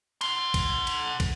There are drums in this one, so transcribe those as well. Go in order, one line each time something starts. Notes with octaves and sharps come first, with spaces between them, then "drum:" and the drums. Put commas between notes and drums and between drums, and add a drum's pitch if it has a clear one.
F#5 C6, drum: cymbal
drum: kick, cymbal
drum: cymbal
drum: kick, cymbal